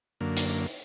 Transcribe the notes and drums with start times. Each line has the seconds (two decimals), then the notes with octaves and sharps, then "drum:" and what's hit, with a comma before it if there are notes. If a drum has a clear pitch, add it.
0.21 F#2 D3 A#3
0.37 drum: hi-hat